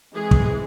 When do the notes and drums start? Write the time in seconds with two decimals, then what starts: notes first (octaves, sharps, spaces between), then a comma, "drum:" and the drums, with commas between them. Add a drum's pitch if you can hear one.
0.14 E3 G#3 C4 G#4
0.31 drum: kick